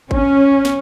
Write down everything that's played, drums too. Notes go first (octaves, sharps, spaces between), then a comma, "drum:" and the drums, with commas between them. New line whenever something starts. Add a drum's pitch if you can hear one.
C#4, drum: kick G#1
drum: snare